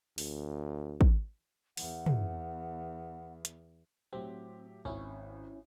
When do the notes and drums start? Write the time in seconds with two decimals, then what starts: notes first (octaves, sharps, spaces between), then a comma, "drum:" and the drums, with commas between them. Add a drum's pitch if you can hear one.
0.18 D2, drum: open hi-hat
1.01 drum: kick
1.77 E2 F#5, drum: open hi-hat
2.06 drum: tom
3.45 drum: hi-hat
4.13 A2 F#3 C4 G4
4.85 G#1 C#4 E4